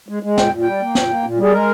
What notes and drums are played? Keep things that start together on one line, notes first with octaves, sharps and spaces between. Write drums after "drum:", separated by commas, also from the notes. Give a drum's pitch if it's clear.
G#3
G#3
A#2 G5, drum: snare
A#2
G3 G5
A#3
A#2, drum: snare
A#3
A#2
G3 G#4
G#3 A#4